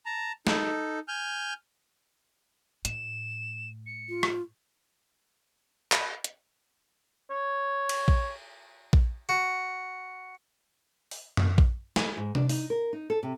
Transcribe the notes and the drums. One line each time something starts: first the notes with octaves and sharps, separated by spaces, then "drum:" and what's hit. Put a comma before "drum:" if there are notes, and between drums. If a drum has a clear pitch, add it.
A5 A#5
D#4 A4, drum: snare
G#5 F6 G6
A2 E7, drum: hi-hat
C#7
F4
drum: rim click
drum: clap
drum: hi-hat
C#5
drum: cymbal
drum: kick A#1
drum: kick A#1
F#4
drum: open hi-hat
drum: tom F#2
drum: kick A#1
G#5, drum: snare
G#2
D4, drum: tom C3
D#4, drum: open hi-hat
A#4
D#4
A4
C3